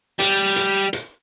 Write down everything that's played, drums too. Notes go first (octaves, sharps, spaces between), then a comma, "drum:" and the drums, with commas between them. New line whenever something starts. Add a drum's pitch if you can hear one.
G3, drum: hi-hat
drum: hi-hat
drum: hi-hat